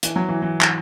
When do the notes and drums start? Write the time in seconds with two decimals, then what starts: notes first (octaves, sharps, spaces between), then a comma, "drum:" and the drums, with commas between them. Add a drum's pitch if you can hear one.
0.03 E3, drum: hi-hat
0.16 F#3
0.29 E3
0.42 E3
0.61 drum: clap